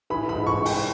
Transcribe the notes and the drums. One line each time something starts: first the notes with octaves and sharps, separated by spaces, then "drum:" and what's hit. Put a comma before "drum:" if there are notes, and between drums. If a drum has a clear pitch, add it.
E3 B5
B5
G#2
C#6
G#2
G5, drum: open hi-hat